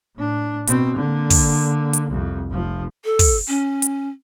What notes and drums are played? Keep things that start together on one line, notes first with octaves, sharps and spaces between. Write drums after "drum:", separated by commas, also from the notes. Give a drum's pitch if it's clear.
A2 D4
B2 C4, drum: hi-hat
D3 A#3
drum: kick, open hi-hat
drum: hi-hat
C2 F2
F1 F3
A4
drum: kick, open hi-hat
C#4
drum: hi-hat